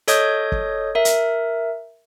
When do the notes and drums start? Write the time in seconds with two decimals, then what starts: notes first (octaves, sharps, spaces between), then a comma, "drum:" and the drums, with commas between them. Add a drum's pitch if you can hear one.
0.08 A4 C#5 D#5 D#6 G6, drum: hi-hat
0.52 drum: kick
0.95 A#4 E5
1.05 drum: hi-hat